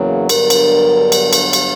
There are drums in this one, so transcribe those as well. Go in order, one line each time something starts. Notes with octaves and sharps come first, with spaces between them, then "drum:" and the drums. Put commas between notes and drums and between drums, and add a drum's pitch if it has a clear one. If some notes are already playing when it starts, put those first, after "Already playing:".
Already playing: E2 C#3 F#3 A#3
G2 D3 F#3 B3 A#4, drum: cymbal
drum: cymbal
drum: cymbal
drum: cymbal
drum: cymbal